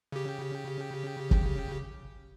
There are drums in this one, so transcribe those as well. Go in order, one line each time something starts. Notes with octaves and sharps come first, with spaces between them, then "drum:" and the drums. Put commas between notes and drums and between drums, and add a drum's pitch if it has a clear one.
C#3 G4
drum: kick